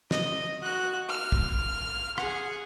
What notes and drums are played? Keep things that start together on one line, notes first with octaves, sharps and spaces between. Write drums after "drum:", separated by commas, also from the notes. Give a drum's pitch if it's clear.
D#5, drum: snare
F#4 F#6
F6
drum: kick
G#4 F#5, drum: rim click